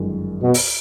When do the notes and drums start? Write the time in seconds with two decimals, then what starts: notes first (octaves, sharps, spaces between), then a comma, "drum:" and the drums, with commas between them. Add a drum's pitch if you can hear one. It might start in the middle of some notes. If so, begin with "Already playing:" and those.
Already playing: G1 F#2 D#3 G#3
0.43 B2
0.54 drum: open hi-hat